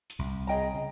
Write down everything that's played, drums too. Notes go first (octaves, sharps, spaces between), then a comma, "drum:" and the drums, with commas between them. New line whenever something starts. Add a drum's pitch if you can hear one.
drum: hi-hat
C2 C3
G#4 D#5 G5 A#5
C#3